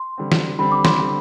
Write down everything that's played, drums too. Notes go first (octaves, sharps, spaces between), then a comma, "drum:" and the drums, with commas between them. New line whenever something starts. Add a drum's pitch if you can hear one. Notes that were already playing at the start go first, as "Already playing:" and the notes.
Already playing: C6
D3 G3 C4
drum: snare
D3 G3 C4 B5
D6
C6, drum: snare
D3 G3 C4